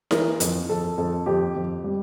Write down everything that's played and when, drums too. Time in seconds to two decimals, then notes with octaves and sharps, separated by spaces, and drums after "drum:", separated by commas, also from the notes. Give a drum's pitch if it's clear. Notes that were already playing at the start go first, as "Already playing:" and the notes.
0.11 E3 A#4, drum: snare E4
0.40 F2, drum: hi-hat
0.69 F2 A4
0.98 F2 A4
1.26 F2 G4
1.56 F2
1.84 G3